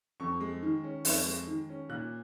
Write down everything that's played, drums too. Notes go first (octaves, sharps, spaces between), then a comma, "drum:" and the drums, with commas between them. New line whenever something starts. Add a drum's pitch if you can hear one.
F2 C#6
G#3
D#3
C#4
F2, drum: open hi-hat
G#3
D#3
C#4
A#2 F#6